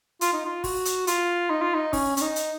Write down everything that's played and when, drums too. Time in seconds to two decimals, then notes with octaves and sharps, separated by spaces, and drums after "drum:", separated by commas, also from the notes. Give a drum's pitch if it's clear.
0.21 F4, drum: hi-hat
0.33 D#4
0.45 F4
0.64 F#4, drum: kick, open hi-hat
0.85 drum: hi-hat
1.07 F4, drum: hi-hat
1.50 D#4
1.62 F4
1.75 D#4
1.93 C#4, drum: kick, open hi-hat
2.17 C#4, drum: hi-hat
2.21 D#4
2.36 drum: hi-hat